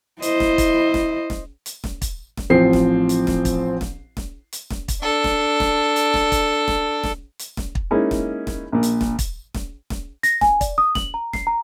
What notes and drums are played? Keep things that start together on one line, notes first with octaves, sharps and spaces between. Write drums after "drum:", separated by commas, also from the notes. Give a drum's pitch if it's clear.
E4 C5 D#5, drum: hi-hat
drum: snare
drum: kick, hi-hat
drum: snare
drum: snare
drum: hi-hat
drum: snare
drum: kick, hi-hat
drum: snare
A1 F3 C4 C5 C7
drum: snare
drum: hi-hat
drum: snare
drum: kick, hi-hat
drum: snare
drum: snare
drum: hi-hat
drum: snare
drum: kick, hi-hat
D4 A4
drum: snare
drum: snare
drum: hi-hat
drum: snare
drum: kick, hi-hat
drum: snare
drum: snare
drum: hi-hat
drum: snare
drum: kick
G#3 A#3 C#4 D#4 E4
drum: snare
drum: snare
A#1 A#2
drum: hi-hat
drum: snare
drum: kick, hi-hat
drum: snare
drum: snare
A#6, drum: hi-hat
G#5, drum: snare
D5, drum: kick, hi-hat
D#6
F#7, drum: snare
A#5
C7, drum: snare
A#5